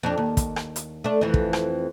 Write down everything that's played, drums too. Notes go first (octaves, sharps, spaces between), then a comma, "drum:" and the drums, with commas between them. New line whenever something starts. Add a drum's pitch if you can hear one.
F2 D4
D#2
drum: kick, hi-hat
drum: rim click
drum: hi-hat
A3 D4
F2 E3
drum: kick
drum: rim click